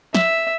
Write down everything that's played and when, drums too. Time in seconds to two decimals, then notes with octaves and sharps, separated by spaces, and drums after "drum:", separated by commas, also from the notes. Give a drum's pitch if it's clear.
0.15 E5, drum: snare